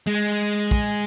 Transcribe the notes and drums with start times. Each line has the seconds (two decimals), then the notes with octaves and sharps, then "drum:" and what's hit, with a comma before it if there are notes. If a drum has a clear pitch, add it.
0.07 G#3
0.71 drum: kick